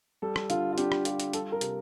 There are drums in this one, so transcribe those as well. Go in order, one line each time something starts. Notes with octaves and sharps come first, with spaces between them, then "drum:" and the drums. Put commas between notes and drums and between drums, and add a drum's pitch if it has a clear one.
G3 A4
drum: rim click
D3 F4, drum: hi-hat
F4
D4 G4, drum: hi-hat
drum: rim click
F4 G4, drum: hi-hat
drum: hi-hat
G3 A4, drum: hi-hat
A#4
C3, drum: hi-hat